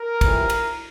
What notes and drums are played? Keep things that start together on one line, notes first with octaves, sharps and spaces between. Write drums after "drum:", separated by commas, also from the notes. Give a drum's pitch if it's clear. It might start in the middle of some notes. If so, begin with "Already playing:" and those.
Already playing: A#4
F2 E3 G3, drum: kick, cymbal
drum: cymbal